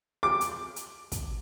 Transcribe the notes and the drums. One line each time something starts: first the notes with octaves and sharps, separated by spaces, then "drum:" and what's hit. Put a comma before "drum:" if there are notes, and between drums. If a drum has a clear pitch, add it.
D6
drum: hi-hat
drum: hi-hat
drum: kick, hi-hat